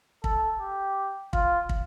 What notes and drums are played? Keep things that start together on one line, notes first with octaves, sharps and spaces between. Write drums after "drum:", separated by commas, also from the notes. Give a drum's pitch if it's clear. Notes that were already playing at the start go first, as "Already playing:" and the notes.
A4, drum: kick
G4
F4, drum: kick
drum: kick